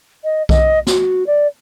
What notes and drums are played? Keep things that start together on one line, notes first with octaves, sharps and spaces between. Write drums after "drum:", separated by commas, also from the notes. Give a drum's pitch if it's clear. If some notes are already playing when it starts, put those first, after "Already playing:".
D#5
D#5, drum: kick B1
F#4, drum: snare
D5